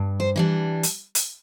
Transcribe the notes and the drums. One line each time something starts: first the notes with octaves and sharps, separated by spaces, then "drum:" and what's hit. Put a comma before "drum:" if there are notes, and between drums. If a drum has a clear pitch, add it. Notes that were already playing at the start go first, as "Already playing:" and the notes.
Already playing: G2
C5
E3 G3 D4
drum: hi-hat
drum: hi-hat